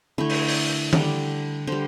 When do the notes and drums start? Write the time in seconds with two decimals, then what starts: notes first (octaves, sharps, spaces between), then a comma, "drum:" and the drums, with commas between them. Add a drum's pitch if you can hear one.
0.18 D3 A3 E4
0.30 drum: open hi-hat
0.48 drum: open hi-hat
0.93 D3 G3 D5, drum: tom D#3
1.67 D3 G3 C5